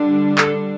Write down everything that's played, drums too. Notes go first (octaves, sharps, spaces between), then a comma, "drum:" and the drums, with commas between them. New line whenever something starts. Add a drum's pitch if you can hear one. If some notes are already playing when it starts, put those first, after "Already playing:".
Already playing: D3 G3 D4
A4, drum: clap